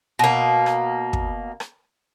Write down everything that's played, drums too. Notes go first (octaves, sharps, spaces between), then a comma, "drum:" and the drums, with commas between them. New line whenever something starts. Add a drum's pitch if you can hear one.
B2 A#3
drum: rim click
drum: kick
drum: rim click